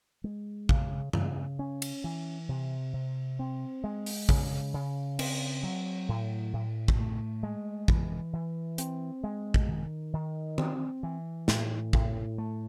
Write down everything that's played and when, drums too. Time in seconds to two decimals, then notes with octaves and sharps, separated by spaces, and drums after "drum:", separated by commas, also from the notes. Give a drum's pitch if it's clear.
0.24 G#3
0.69 C#3, drum: kick
1.13 C#3, drum: tom G2
1.59 C#4
1.82 drum: cymbal
2.04 E3
2.49 C3
2.93 C3
3.39 C4
3.84 G#3
4.06 drum: open hi-hat
4.29 C#3, drum: kick
4.74 C#3
5.19 C4, drum: cymbal
5.63 F#3
6.09 A2
6.53 A2
6.88 drum: kick
6.99 A3
7.43 G#3
7.88 E3, drum: kick
8.33 E3
8.78 C4, drum: hi-hat
9.24 G#3
9.54 drum: kick
9.68 D#3
10.13 D#3
10.58 C4, drum: tom D#3
11.03 E3
11.48 A2, drum: snare
11.93 A2, drum: kick
12.38 A3